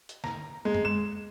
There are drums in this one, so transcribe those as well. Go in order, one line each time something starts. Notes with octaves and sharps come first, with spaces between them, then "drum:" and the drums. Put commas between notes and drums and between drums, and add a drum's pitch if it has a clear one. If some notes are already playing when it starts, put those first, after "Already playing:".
drum: hi-hat
A#5, drum: snare
G#3
drum: tom F#2
E7